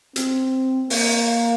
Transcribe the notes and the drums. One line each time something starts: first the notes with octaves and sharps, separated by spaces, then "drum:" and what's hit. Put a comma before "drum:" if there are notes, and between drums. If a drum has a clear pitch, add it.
C4, drum: hi-hat
A#3, drum: open hi-hat